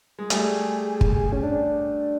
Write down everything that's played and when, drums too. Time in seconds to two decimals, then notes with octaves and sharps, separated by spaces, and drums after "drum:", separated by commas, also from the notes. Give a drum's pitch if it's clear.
0.19 G#3
0.30 G3 A3 G#4, drum: hi-hat
1.01 drum: kick
1.32 C#4
1.43 D4